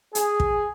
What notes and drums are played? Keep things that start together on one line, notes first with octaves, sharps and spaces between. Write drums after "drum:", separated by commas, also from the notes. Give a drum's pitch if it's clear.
G#4, drum: hi-hat
drum: kick